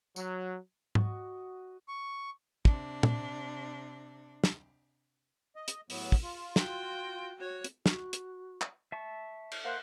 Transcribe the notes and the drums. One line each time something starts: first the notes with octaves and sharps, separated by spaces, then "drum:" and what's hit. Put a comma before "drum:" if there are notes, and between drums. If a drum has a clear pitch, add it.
F#3, drum: tambourine
F#4 D#5 C#6, drum: tom G#2
C#6
C3 D4, drum: kick
drum: tom A#2
drum: snare
D#5
drum: hi-hat
A2 F#3 B3, drum: open hi-hat
drum: kick
F4
F#4 G5, drum: snare
F#4 C#5
drum: hi-hat
F#4, drum: snare
drum: hi-hat
drum: clap
E5 A5 C#6
drum: cymbal
A#3 C5 F#5